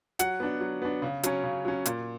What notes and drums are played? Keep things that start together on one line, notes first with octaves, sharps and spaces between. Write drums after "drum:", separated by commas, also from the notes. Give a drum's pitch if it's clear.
F#3 F#5, drum: hi-hat
B3 D4
F#3
B3 D4
C#3
F#3 C#4, drum: hi-hat
C#3
F#3 C#4
A#2, drum: hi-hat